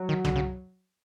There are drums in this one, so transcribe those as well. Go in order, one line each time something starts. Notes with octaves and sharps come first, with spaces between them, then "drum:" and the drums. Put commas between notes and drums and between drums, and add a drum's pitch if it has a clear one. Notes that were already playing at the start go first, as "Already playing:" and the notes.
Already playing: F#3
D#3
D3, drum: tom C2
C#3